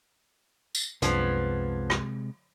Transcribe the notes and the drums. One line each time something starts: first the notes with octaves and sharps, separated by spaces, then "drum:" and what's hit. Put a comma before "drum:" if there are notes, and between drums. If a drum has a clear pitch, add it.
drum: tambourine
C2 F#2 C3 F3 G#3 B3 D4 G#6, drum: hi-hat
drum: rim click